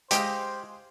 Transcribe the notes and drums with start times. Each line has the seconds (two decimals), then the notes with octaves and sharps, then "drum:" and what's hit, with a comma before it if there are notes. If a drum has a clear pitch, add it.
0.11 G#3 G4 C5 D#5 F5 G5, drum: hi-hat